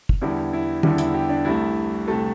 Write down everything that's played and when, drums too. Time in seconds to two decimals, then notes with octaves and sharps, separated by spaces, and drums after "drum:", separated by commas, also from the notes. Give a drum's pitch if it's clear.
0.09 drum: kick
0.21 E2 D3 G3 E4
0.53 E4
0.83 E2 D3 G3 E4, drum: tom D#3
0.98 E4, drum: hi-hat
1.14 G4
1.29 D4
1.45 C2 C3 A3 E4
2.07 C2 C3 A3 A4